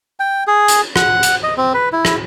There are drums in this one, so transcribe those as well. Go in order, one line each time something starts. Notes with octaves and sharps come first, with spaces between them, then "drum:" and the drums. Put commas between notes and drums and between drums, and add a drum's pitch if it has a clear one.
G5
G#4
drum: hi-hat
F#5, drum: rim click
drum: hi-hat
D#5
C4
B4
E4
drum: rim click